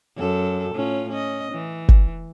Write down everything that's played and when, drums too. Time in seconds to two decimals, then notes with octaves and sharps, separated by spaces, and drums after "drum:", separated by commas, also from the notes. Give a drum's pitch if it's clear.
0.17 F#2 A4
0.74 A2 C#4 F4
1.09 C#4 D#5
1.52 E3
1.89 drum: kick